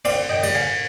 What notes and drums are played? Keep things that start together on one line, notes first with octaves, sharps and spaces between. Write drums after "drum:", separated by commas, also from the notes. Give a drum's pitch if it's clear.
C4 D5 F5, drum: cymbal
D#5 G5
G3, drum: cymbal
F5 G#5